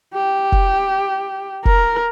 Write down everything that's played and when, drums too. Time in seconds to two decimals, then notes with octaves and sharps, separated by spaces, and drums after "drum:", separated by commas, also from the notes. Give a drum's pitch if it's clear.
0.14 G4
0.52 drum: kick
1.65 A#4, drum: kick